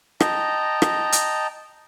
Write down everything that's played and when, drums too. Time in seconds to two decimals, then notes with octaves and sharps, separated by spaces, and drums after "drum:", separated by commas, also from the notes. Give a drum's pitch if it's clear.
0.20 D#5 G5 A5 A#5, drum: rim click
0.82 drum: rim click
1.12 drum: hi-hat